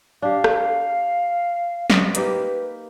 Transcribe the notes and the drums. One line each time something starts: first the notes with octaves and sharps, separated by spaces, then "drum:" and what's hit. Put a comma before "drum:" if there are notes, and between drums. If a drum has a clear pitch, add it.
D4 G4 F5
drum: rim click
drum: snare
A#3 D#4 G4 B4, drum: hi-hat